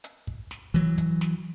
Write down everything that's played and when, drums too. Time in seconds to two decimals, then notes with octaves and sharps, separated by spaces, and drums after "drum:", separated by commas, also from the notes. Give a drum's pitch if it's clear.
0.04 drum: hi-hat
0.27 drum: kick
0.51 drum: snare
0.74 E3 F#3
0.98 drum: kick, hi-hat
1.21 drum: snare